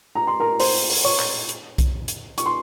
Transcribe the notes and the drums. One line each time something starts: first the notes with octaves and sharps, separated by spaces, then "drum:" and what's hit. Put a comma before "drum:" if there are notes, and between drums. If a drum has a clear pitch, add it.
A#5
C6
A#4 A#5
C5 C6, drum: open hi-hat
drum: open hi-hat
C#5 C#6
drum: clap
drum: hi-hat
drum: kick B1, hi-hat
drum: hi-hat
C#6, drum: hi-hat
C6